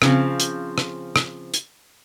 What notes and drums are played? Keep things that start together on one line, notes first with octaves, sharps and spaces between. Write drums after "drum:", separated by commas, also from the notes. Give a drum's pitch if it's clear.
C#3 F3 C4, drum: rim click
drum: hi-hat
drum: rim click
drum: rim click
drum: hi-hat